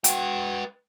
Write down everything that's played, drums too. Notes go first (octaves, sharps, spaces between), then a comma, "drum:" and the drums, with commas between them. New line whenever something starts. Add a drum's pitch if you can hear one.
F#4 B4 G5, drum: hi-hat